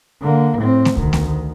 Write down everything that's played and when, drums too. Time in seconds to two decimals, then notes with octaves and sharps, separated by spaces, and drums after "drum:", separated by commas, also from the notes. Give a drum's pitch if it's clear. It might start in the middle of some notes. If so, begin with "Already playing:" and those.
0.22 D3 A#3
0.58 A2 C4
0.85 drum: snare A3
0.97 D2 D#3, drum: kick
1.13 drum: snare A3